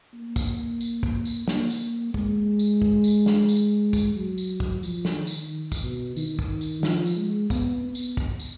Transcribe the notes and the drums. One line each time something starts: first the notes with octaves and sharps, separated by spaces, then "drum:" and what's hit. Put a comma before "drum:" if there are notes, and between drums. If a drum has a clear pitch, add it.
A#3
drum: kick, tambourine
drum: tambourine
drum: kick
drum: tambourine
A#3, drum: snare
drum: tambourine
G#3, drum: kick
drum: tambourine
drum: kick
drum: tambourine
drum: snare
drum: tambourine
drum: kick, tambourine
F#3
drum: tambourine
drum: kick
F3, drum: tambourine
drum: snare
D#3
drum: tambourine
drum: kick, tambourine
B2
D#3, drum: tambourine
drum: kick
drum: tambourine
F3, drum: snare
drum: tambourine
G#3
B3, drum: kick, tambourine
B3
drum: tambourine
drum: kick
drum: tambourine